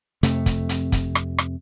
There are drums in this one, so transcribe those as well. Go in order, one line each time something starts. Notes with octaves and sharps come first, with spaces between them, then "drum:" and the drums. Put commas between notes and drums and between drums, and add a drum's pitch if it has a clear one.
F2 C3 A3, drum: hi-hat
drum: kick, hi-hat
drum: hi-hat
drum: kick, hi-hat
drum: rim click
drum: rim click